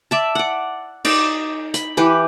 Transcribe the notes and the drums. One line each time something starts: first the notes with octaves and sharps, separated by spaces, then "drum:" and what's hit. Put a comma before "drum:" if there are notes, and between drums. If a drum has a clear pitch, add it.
D5 E5 A5
D5 F#5
D#4 D5, drum: cymbal
B5, drum: hi-hat
E3 G4 B4